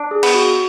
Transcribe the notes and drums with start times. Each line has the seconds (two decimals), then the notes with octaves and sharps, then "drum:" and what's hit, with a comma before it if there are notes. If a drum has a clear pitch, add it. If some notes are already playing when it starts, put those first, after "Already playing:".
Already playing: D4
0.11 G#4
0.23 B3, drum: cymbal
0.35 F#4